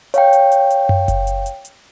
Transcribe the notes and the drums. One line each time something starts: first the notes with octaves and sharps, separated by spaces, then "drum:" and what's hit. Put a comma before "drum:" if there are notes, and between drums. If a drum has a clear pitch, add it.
C#5 F5 G5, drum: hi-hat
drum: hi-hat
drum: hi-hat
drum: hi-hat
drum: tom F#2
drum: kick F#1, hi-hat
drum: hi-hat
drum: hi-hat
drum: hi-hat